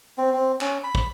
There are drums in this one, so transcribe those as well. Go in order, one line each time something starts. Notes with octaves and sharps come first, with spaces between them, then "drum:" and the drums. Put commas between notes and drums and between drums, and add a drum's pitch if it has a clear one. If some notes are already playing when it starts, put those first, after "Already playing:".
C4
C4
C#4, drum: clap
B5
drum: kick